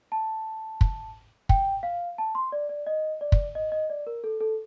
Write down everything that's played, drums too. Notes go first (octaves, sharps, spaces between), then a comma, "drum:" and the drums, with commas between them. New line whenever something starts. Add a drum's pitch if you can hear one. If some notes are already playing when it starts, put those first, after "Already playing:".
A5
drum: kick
G5, drum: kick
F5
A5
C6
D5
D5
D#5
D5
drum: kick
D#5
D#5
D5
A#4
A4
A4